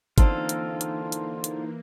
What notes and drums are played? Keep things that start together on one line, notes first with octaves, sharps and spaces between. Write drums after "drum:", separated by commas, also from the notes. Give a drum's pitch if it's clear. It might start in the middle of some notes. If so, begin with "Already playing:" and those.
D3 E3 A#3 C4 D#4 F4 A4, drum: kick G1, hi-hat
drum: hi-hat
drum: hi-hat
drum: hi-hat
drum: hi-hat